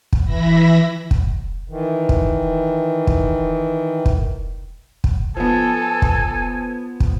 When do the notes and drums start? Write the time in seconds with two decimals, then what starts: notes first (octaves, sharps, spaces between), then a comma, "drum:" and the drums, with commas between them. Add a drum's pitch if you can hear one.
0.13 drum: kick
0.25 E3 E5 B5 A#6
1.11 drum: kick
1.70 D#3 E3
2.09 drum: kick
3.07 drum: kick
4.06 drum: kick
5.04 drum: kick
5.37 F3 B3 A4 G#5
6.02 drum: kick
7.00 drum: kick